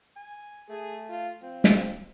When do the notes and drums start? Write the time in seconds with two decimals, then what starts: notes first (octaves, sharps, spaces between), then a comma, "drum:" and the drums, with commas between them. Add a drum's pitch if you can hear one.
0.16 G#5
0.69 A3 G#4
1.09 F4
1.42 F3 C4
1.64 drum: snare